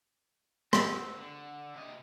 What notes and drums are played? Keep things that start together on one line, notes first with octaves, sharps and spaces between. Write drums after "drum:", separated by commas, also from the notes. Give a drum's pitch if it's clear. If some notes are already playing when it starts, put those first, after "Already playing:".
C4 F#4, drum: rim click
D3
C3 D#5